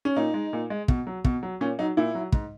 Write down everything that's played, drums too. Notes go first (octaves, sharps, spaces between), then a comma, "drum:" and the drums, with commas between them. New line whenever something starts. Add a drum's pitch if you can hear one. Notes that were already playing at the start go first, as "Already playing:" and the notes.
C#4
A#2 D#4
G#3
A#2
G#3
B2, drum: kick
F#3
B2, drum: kick
F#3
A#2 C#4
F#3 D#4
A#2 E4
F#3
G#2, drum: kick